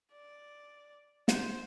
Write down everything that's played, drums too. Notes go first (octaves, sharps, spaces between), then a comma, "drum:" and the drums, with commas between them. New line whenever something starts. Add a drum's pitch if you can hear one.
D5
C5, drum: snare